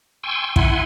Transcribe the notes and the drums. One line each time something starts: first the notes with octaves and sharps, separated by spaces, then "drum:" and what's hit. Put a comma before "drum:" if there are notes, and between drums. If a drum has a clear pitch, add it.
G5 G#5 C6 C#6 E6
E4 F#5 G#5 C6, drum: kick